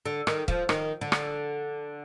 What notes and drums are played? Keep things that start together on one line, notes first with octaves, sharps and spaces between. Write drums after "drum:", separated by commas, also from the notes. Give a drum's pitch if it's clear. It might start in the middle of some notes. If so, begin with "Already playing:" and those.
D3
D#3, drum: rim click
F3, drum: kick
D#3, drum: rim click
D3
drum: rim click